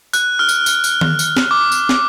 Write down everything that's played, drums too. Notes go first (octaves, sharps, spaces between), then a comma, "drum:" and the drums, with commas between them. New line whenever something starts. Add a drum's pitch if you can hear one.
F#6, drum: tambourine
F6
drum: tambourine
drum: tambourine
drum: tambourine
drum: tom D#3
drum: tambourine
drum: snare
D6
drum: tambourine
drum: snare